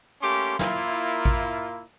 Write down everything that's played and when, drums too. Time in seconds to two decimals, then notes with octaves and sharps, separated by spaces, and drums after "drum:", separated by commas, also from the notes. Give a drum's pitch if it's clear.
0.22 A3 A#3 C#4 G4 C6 D6
0.59 A#3 E4 F4, drum: snare
1.25 drum: kick A1